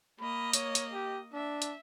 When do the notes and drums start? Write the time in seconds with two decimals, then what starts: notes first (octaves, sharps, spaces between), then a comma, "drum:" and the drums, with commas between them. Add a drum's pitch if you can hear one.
0.20 A#3 D#5 B5
0.53 C#5, drum: hi-hat
0.75 drum: hi-hat
0.93 G4
1.33 D4 E5
1.62 drum: hi-hat